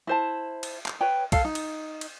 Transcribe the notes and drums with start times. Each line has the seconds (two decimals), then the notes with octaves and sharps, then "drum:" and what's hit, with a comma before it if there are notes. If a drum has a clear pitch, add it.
0.07 E4 C5 A5
0.63 drum: cymbal
0.86 drum: clap
1.01 B4 C#5 G5
1.32 A4 F5, drum: kick B1, cymbal
1.45 D#4
1.55 drum: cymbal
2.01 drum: cymbal